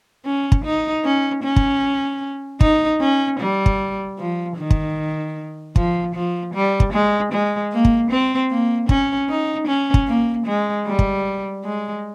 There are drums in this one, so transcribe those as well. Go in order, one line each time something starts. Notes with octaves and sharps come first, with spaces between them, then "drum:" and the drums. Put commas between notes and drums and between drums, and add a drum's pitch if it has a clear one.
C#4
drum: kick
D#4
C#4
C#4
drum: kick
D#4, drum: kick
C#4
G3
drum: kick
F3
D#3
drum: kick
F3, drum: kick
F3
G3
drum: kick
G#3
G#3
A#3
drum: kick
C4
A#3
C#4, drum: kick
D#4
C#4
drum: kick
A#3
G#3
G3
drum: kick
G#3